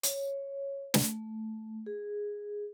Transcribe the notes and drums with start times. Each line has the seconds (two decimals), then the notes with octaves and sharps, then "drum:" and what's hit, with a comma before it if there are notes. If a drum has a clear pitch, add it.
0.03 C#5, drum: hi-hat
0.94 A3, drum: snare
1.86 G#4